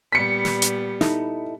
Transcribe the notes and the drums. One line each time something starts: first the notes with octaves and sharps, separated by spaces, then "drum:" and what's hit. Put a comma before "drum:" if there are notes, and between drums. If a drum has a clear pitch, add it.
A#2 G3 B3 B6 C#7
drum: snare
drum: hi-hat
D#4 E4 A4, drum: snare